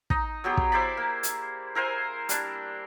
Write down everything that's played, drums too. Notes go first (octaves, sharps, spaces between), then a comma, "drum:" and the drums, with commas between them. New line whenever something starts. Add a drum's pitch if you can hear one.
D#4 D#5, drum: kick
F#3 B3 G4 G#4
drum: kick
E4 C5 D5 B5
A#3
drum: hi-hat
E4 A#4 C5 G#5
G3 D4, drum: hi-hat